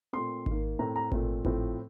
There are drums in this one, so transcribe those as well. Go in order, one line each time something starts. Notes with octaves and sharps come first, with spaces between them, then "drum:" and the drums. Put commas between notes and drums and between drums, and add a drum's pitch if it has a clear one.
A#2 A3 C4 C6
D#3 A#3, drum: kick G#1
A2 A3 C4 A#5
A#5
A#2 A3 C4, drum: kick G#1
A2 F3 A3 C4, drum: kick G#1